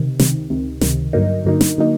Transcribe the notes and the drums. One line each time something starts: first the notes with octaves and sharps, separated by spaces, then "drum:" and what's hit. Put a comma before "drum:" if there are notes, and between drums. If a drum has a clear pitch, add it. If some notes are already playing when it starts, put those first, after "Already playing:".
Already playing: C#2 C3 D#3
C#2 C3 D#3, drum: snare
C#2 C3 D#3
C#2 C3 D#3, drum: snare
G2 D3 F#3 A#3 D#4
G2 D3 F#3 A#3 D#4
drum: snare
D3 F#3 A#3 D#4